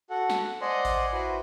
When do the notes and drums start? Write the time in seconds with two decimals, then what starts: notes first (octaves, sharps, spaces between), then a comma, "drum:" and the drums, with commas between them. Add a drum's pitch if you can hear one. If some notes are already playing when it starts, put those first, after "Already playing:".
0.10 F#4 A4 F#5
0.30 drum: snare
0.61 C5 D5 D#5 F#5 G#5 C6
0.85 drum: kick A1, open hi-hat
1.13 E4 F#4 B4 C5